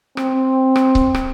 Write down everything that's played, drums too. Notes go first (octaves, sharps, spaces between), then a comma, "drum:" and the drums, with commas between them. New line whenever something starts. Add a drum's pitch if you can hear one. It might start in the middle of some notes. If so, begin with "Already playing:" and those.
C4, drum: rim click
drum: rim click
drum: kick C#1
drum: rim click